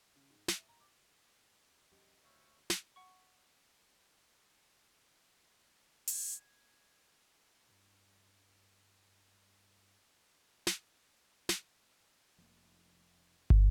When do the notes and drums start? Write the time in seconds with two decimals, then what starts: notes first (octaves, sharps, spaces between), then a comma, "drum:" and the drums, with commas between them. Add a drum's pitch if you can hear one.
0.16 C#3
0.30 G#2
0.48 E5, drum: snare
0.69 A#5
0.80 D6
1.92 E2 F#3 C#4 G4 D#5
2.24 D2 C5 C#5 E5 F5
2.70 drum: snare
2.96 F#5 C#6
6.08 G#6, drum: open hi-hat
7.69 C2 G2
10.67 drum: snare
11.49 drum: snare
12.38 F1 F3 A#3
13.50 drum: kick